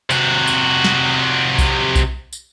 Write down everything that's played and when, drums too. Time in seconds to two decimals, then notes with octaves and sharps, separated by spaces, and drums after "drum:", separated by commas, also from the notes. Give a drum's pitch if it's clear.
0.10 C3 F#4, drum: tambourine
0.47 drum: tambourine
0.85 drum: snare
1.59 drum: kick B1, tambourine
1.96 drum: kick B1, tambourine
2.33 drum: tambourine